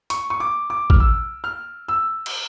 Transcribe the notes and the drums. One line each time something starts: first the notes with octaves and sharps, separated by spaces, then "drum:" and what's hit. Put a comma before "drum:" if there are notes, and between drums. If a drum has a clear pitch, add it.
C#6, drum: hi-hat
C#6
D6
D6
F6, drum: kick
E6
F6
E6
drum: cymbal